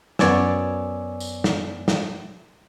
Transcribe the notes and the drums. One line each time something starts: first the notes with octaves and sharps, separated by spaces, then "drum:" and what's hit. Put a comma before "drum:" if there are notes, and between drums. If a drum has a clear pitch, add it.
F#2 B3 C#5 D5 G#5 E6, drum: snare
drum: tambourine
drum: snare
drum: snare